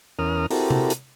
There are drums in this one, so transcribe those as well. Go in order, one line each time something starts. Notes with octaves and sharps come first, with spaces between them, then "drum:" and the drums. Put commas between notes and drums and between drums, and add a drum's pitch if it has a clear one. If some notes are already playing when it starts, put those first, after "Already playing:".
E2 C#4 A#4 D#6 F6
C4 E4 F#4 G4 A4 A#4, drum: open hi-hat
drum: tom C3
drum: hi-hat